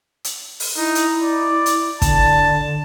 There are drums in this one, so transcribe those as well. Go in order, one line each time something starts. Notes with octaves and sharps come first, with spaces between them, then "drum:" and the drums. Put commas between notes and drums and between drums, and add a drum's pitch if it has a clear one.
drum: hi-hat
drum: open hi-hat
D#4 E4
drum: hi-hat
D5
drum: hi-hat
D3 A5, drum: kick, hi-hat